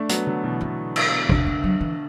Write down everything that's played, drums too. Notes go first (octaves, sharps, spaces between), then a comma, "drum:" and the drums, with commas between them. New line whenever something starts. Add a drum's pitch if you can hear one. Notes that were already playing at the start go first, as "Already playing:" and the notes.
Already playing: A3 D4
F#3 B3, drum: hi-hat
D3 F#3
B2 E3
B2 B3
drum: cymbal
D3 B3, drum: kick
A3
F#3
E3